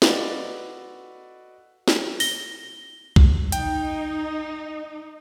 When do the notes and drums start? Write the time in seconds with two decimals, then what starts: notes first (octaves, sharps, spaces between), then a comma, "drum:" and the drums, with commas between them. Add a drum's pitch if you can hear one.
0.02 F#4 A4 B4 D5 D#5 F5, drum: snare
1.88 drum: snare
2.20 A#6 G7, drum: open hi-hat
3.16 drum: kick B1
3.52 D#4 G5, drum: hi-hat